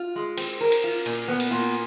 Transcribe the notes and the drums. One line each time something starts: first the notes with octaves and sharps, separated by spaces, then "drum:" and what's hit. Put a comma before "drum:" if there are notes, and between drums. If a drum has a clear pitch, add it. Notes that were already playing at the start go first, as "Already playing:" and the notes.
Already playing: F4
G#3
C4, drum: cymbal
A#4
drum: cymbal
F4
A#2, drum: cymbal
B3
drum: cymbal
A#2